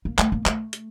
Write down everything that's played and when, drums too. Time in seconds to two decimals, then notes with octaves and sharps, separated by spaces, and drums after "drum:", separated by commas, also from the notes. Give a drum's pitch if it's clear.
0.05 A#3
0.19 A3, drum: clap
0.32 A#3
0.46 A3, drum: clap
0.73 drum: hi-hat